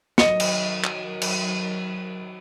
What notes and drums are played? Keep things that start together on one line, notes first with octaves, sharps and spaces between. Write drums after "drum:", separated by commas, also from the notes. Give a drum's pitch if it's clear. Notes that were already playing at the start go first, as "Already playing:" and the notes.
D#3 F#3 D#5 C#7, drum: snare
drum: cymbal
drum: clap
drum: cymbal